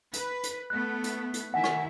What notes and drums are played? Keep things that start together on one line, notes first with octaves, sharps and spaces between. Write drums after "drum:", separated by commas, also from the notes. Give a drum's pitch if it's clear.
B4, drum: hi-hat
drum: hi-hat
A3 B3 F#6
drum: hi-hat
drum: hi-hat
D#3 E4 E5 F#5 G#5
drum: rim click